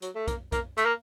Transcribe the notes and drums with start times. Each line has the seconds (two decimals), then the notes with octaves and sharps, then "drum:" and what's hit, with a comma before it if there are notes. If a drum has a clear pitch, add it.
0.02 F#3, drum: hi-hat
0.15 A3
0.28 A#3, drum: kick, hi-hat
0.52 A#3, drum: kick, hi-hat
0.77 A3, drum: hi-hat
0.86 A#3